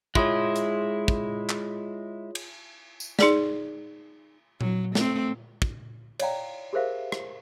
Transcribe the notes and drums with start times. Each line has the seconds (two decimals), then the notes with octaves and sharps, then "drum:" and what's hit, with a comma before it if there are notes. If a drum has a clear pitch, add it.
0.15 G#3 E4 F4 G#4 C#5, drum: kick
0.56 drum: hi-hat
1.08 drum: kick
1.49 drum: clap
2.35 drum: cymbal
3.00 drum: tambourine
3.19 D#4 G#4 D5, drum: snare
4.61 F#3, drum: tom A#2
4.95 A3 C4, drum: snare
5.62 drum: kick
6.20 C#5 D5 F5 G5 A#5, drum: cymbal
6.73 G4 G#4 A#4 C5 E5 F5
7.12 drum: rim click